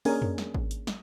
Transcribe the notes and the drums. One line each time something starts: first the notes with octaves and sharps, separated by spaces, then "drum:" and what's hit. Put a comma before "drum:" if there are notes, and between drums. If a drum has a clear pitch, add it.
A#3 C#4 D4 G#4 A#4 G#5, drum: open hi-hat
drum: tom F2
drum: snare
drum: kick G#1
drum: hi-hat
drum: snare